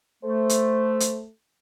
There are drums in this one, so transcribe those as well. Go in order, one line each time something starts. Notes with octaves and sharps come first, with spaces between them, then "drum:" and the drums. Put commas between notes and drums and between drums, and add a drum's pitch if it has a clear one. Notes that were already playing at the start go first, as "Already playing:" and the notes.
A3 C5
drum: hi-hat
drum: hi-hat